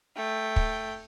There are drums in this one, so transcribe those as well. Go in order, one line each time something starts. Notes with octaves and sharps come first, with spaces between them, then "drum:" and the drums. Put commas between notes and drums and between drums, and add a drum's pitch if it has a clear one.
A3 G5
drum: kick